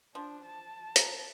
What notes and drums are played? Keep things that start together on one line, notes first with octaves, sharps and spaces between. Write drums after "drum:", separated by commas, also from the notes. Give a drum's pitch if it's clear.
F3 D4
A5
A#5, drum: hi-hat